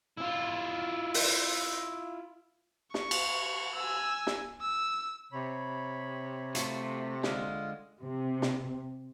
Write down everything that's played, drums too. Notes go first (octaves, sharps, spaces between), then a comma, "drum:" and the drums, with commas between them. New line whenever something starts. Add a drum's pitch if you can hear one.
E4 F4
drum: open hi-hat
C#6, drum: snare
drum: cymbal
G#5 E6
drum: snare
E6
C3 C#5 B5
A3 F4 F#4, drum: hi-hat
D3 G#3 F4, drum: snare
C3
drum: snare